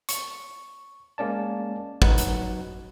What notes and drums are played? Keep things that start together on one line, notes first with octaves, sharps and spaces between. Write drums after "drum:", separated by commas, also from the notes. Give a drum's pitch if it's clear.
C#6, drum: hi-hat
G#3 A#3 C#4 D5 A5
F#3 D#4 B4 F#5, drum: kick
drum: hi-hat